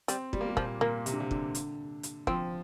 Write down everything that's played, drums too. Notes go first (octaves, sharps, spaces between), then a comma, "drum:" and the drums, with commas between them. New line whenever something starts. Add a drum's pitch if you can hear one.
G3 C4, drum: hi-hat
G3, drum: kick
A#3
G3
A#2 F3, drum: kick
A#2 A#3
C3, drum: hi-hat
D3
C3
D3, drum: kick
drum: hi-hat
drum: hi-hat
F3 C4, drum: kick